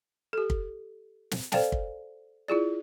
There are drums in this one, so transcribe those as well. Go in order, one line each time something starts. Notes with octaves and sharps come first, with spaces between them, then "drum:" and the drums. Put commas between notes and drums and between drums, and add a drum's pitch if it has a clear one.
G4 A4
drum: kick
drum: snare
A4 C5 D5 F5 G5 A5, drum: snare
drum: kick
E4 F4 G#4 D5